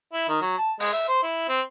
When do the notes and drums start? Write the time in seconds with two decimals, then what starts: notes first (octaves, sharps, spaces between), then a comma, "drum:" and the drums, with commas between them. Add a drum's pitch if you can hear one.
0.13 E4
0.29 D#3
0.41 F#3
0.58 A5
0.80 G#3, drum: open hi-hat
0.93 E5
1.08 C5
1.23 E4
1.48 C4